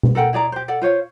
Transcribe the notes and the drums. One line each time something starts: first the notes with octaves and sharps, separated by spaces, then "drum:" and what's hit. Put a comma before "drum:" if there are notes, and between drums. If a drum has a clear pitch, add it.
drum: tom B2
A4 A#4 F#5 G5
E4 G#4 D5 A#5
G4 C5
A4 D5 F#5
F4 C5 C#5 F5